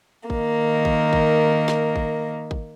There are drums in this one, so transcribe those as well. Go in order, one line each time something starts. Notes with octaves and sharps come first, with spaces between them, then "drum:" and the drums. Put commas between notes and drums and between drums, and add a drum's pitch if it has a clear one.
D#3 A#3, drum: kick
drum: kick
drum: kick
drum: snare
drum: kick
drum: kick